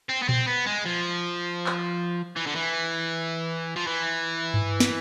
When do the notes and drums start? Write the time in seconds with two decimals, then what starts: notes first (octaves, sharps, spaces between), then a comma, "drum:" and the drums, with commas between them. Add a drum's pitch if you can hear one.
0.09 C4
0.23 B3
0.29 C4, drum: tom A#2
0.47 B3
0.66 G#3
0.85 F3
1.66 drum: clap
2.36 E3
2.46 D3
2.55 E3
3.76 F3
3.87 E3
4.54 drum: tom G2
4.80 drum: snare